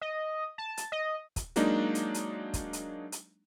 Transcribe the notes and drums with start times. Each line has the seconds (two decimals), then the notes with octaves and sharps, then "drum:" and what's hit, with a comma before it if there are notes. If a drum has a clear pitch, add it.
0.01 D#5
0.58 A5
0.77 drum: hi-hat
0.92 D#5
1.36 drum: kick, hi-hat
1.56 F#3 G#3 A#3 D4 D#4, drum: hi-hat
1.95 drum: hi-hat
2.14 drum: hi-hat
2.54 drum: kick, hi-hat
2.73 drum: hi-hat
3.12 drum: hi-hat